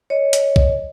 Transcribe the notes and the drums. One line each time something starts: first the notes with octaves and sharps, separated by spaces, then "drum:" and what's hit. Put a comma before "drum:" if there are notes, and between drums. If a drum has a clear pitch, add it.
C#5 D#5
drum: hi-hat
drum: kick B1